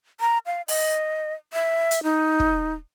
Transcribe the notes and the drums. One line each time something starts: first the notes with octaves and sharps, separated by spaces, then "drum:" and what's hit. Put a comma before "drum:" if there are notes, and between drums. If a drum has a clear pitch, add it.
A#5
F5
D#5, drum: open hi-hat
E5
drum: hi-hat
D#4
drum: kick